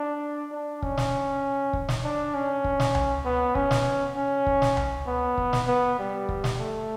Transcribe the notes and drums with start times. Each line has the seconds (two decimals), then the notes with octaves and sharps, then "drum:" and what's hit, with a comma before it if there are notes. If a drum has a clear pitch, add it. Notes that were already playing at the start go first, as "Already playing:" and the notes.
Already playing: D4
0.52 D4
0.82 C#4, drum: kick
0.97 drum: snare
1.73 drum: kick
1.89 drum: snare
2.04 D4
2.34 C#4
2.64 drum: kick
2.80 drum: snare
2.95 drum: tom C#2
3.25 B3
3.55 C#4, drum: kick
3.71 drum: snare
4.16 C#4
4.47 drum: kick
4.62 drum: snare
4.77 drum: tom C#2
5.07 B3
5.38 drum: kick
5.53 drum: snare
5.68 B3
5.99 G3
6.29 drum: kick
6.44 drum: snare
6.59 A3